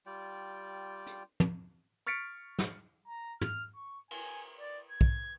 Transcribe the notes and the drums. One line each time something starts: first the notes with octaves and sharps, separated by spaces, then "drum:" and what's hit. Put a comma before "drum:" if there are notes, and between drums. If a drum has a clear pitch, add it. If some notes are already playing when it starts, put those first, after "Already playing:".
G3 F4 D5 G5
drum: hi-hat
drum: tom
C#6 F6 A6 B6 C#7 D7
drum: snare
A#5
F6, drum: tom
C#6
G#5, drum: cymbal
D5
G#6
drum: kick